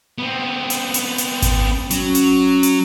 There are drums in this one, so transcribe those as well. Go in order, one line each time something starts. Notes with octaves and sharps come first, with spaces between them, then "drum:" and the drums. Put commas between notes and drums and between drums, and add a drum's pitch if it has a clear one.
B3 C4
drum: hi-hat
drum: hi-hat
drum: hi-hat
drum: kick G#1, hi-hat
F#3 C#4, drum: hi-hat
drum: hi-hat
drum: hi-hat